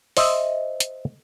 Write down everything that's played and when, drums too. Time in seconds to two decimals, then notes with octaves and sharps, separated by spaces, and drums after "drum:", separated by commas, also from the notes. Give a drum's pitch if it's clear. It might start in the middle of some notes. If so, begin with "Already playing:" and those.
0.17 C5 D#5 E5, drum: open hi-hat
0.80 drum: hi-hat